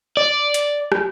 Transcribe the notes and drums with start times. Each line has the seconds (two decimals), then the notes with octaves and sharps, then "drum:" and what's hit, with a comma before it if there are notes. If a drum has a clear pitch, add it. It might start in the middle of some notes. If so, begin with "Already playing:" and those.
0.17 D5
0.54 drum: hi-hat
0.92 drum: rim click